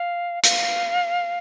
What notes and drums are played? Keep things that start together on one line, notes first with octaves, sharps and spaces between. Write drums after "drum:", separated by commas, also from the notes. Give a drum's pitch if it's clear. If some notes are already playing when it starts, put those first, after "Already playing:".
Already playing: F5
F5, drum: hi-hat